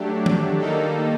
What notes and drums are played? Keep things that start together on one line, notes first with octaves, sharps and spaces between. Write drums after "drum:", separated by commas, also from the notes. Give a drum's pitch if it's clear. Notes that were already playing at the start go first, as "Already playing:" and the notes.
Already playing: F#3 A3 D4 G4
drum: tom D#3
D#3 G3 A#3 D#4 A4